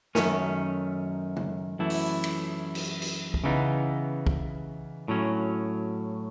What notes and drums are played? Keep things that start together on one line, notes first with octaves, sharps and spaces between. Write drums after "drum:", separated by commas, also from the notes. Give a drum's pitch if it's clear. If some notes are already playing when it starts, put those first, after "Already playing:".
F#2 D#3 A3 C#4, drum: snare
drum: tom
F#2 E3 A3 E4
drum: open hi-hat
drum: cymbal
drum: cymbal
drum: cymbal
drum: kick
C#3 E3 B3 D#4
drum: kick
A2 F#3 C#4